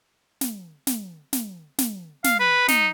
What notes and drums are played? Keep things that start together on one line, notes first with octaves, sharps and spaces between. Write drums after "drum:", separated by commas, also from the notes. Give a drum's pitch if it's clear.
drum: snare
drum: snare
drum: snare
drum: snare
F5, drum: snare
B4
D#4, drum: snare